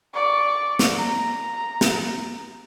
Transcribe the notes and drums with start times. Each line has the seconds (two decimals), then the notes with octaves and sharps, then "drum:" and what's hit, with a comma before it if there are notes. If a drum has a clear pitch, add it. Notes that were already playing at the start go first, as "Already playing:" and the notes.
0.14 D5 C#6
0.79 drum: snare
0.96 A#5
1.81 drum: snare